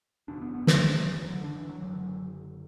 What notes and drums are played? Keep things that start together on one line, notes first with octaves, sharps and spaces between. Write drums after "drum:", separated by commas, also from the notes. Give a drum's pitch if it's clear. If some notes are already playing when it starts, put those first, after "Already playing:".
F#1 E2 B2 D4
B3
B3
A3, drum: snare
F#3
E3
F#3
D3
D4
E3
F#3
F#1 F#2 D3 F#3